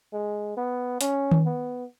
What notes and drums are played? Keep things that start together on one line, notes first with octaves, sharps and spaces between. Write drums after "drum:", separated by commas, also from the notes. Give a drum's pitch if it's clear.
G#3
B3
C#4, drum: hi-hat
drum: tom D#3
B3